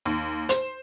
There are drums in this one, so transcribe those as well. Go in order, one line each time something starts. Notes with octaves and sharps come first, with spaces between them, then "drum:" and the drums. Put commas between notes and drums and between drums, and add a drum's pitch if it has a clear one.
D#2
C5, drum: hi-hat